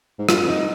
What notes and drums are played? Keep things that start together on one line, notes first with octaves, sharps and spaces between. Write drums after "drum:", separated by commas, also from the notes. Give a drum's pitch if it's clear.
G#2
G2 F4, drum: rim click
F2
D#4